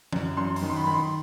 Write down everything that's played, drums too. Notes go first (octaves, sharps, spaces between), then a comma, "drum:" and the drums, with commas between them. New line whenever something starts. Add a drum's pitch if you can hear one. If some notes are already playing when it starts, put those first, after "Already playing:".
F#2, drum: tom E3
F#2 C6
C6, drum: open hi-hat
D#3
C6
B5
D#3 B5
C6